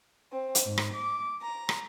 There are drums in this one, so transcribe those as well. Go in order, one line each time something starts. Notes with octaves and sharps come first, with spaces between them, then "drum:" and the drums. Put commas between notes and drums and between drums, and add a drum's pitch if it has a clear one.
C4
drum: hi-hat
G#2
drum: rim click
D6
A#5
drum: rim click